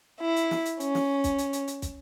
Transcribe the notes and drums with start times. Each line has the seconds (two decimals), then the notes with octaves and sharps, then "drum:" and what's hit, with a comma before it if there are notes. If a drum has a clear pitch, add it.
0.20 E4
0.36 drum: hi-hat
0.51 drum: snare
0.66 drum: hi-hat
0.80 C#4, drum: hi-hat
0.95 drum: snare
1.24 drum: kick, hi-hat
1.39 drum: hi-hat
1.53 drum: hi-hat
1.68 drum: hi-hat
1.82 drum: kick, hi-hat